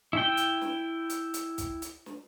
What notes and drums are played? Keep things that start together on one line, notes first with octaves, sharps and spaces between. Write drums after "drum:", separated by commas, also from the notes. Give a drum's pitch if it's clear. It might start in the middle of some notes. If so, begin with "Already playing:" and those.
E4 G5
drum: hi-hat
drum: snare
drum: hi-hat
drum: hi-hat
drum: kick, hi-hat
drum: hi-hat
drum: snare